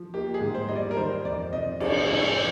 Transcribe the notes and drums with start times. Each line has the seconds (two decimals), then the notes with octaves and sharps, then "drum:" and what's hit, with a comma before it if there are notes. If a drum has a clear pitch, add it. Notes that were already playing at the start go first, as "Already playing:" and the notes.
Already playing: F3
0.14 A#3 G4
0.34 G#4
0.41 G#2
0.55 C5
0.68 G3 D#5
0.75 D5
0.91 A#4
0.96 D#3 C5
1.25 F2 D5
1.53 C3 D#5
1.80 A#1 D5, drum: cymbal
2.07 G#2 D#5
2.35 F3 D5